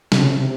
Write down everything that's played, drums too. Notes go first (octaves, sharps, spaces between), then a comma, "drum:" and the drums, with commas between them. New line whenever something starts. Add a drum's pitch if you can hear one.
C3, drum: snare
C#3
C3
C3